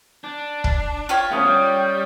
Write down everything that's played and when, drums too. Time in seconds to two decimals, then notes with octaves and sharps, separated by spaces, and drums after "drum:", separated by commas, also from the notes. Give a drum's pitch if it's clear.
0.24 D4
0.64 drum: kick
1.09 F4 G4 C#5
1.31 D2 B3 C#4 D#5 F5
1.46 G3 F5